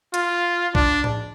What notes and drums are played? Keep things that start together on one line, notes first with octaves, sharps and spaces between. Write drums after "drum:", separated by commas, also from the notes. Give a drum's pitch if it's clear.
F4, drum: hi-hat
D4, drum: kick B1
drum: tom A2